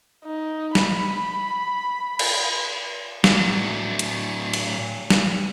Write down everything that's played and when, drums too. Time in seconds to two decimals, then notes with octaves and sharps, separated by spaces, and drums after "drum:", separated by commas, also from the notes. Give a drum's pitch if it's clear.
0.25 D#4
0.75 B5, drum: snare
2.19 drum: cymbal
3.24 A2 F#3, drum: snare
3.99 drum: hi-hat
4.54 drum: cymbal
5.10 drum: snare